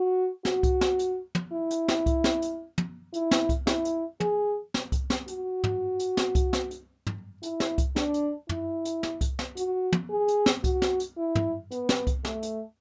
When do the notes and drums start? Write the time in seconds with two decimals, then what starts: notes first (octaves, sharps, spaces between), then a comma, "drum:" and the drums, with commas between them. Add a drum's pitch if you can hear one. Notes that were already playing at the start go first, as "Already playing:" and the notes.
Already playing: F#4
0.45 F#4, drum: snare
0.63 drum: kick C2, hi-hat
0.81 drum: snare
0.99 drum: hi-hat
1.35 drum: tom
1.53 E4
1.71 drum: hi-hat
1.88 drum: snare
2.06 drum: kick C2, hi-hat
2.24 drum: snare
2.42 drum: hi-hat
2.78 drum: tom
3.14 E4, drum: hi-hat
3.31 drum: snare
3.49 drum: kick C2, hi-hat
3.67 E4, drum: snare
3.85 drum: hi-hat
4.20 G#4, drum: tom
4.74 drum: snare
4.92 drum: kick C2, hi-hat
5.10 drum: snare
5.28 F#4, drum: hi-hat
5.64 drum: tom
5.99 drum: hi-hat
6.17 drum: snare
6.35 drum: kick C2, hi-hat
6.53 drum: snare
6.71 drum: hi-hat
7.07 drum: tom
7.43 E4, drum: hi-hat
7.60 drum: snare
7.78 drum: kick C2, hi-hat
7.96 D4, drum: snare
8.14 drum: hi-hat
8.49 E4, drum: tom
8.85 drum: hi-hat
9.03 drum: snare
9.21 drum: kick C2, hi-hat
9.39 drum: snare
9.57 F#4, drum: hi-hat
9.92 drum: tom
10.10 G#4
10.28 drum: hi-hat
10.46 drum: snare
10.64 F#4, drum: kick C2, hi-hat
10.82 drum: snare
11.00 drum: hi-hat
11.18 E4
11.35 drum: tom
11.71 B3, drum: hi-hat
11.89 drum: snare
12.07 drum: kick C2, hi-hat
12.25 A3, drum: snare
12.43 drum: hi-hat